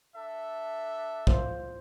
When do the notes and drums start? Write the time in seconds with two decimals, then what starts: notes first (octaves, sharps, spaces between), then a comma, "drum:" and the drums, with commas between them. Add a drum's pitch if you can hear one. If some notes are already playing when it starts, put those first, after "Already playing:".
0.16 D4 A4 E5
1.27 F4 C5, drum: kick